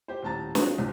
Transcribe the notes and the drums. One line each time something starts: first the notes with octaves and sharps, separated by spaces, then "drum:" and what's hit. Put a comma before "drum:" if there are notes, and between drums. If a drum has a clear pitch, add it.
G4 C5
D#1 A2 A5 A#5 A6
F#3 G#3 C4 D#4 F4 F#4, drum: snare
G1 D2 A#2 E3